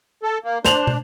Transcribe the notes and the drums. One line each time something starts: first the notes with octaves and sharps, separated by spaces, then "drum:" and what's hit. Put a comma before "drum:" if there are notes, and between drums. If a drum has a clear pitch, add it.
A4
A#3
D4 C5 F7 F#7, drum: snare
drum: tom